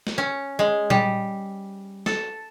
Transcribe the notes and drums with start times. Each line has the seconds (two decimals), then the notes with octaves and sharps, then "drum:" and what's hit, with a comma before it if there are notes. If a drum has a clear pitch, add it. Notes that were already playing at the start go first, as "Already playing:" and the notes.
0.07 drum: snare
0.18 C#4
0.59 G#3
0.90 G3, drum: tom A#2
2.06 A4, drum: snare